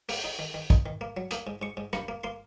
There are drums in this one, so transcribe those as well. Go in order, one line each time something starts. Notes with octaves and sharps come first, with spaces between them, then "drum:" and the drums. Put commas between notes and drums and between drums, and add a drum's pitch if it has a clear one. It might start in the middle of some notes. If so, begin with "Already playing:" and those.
A#3, drum: open hi-hat
D#4
D#3
D#3
D#4, drum: kick, hi-hat
D#3
A#3
F#3
A#3 D#6, drum: hi-hat
G#2
G#2 C#6
G#2
A#3 C#6, drum: rim click
A#3
A#3 C6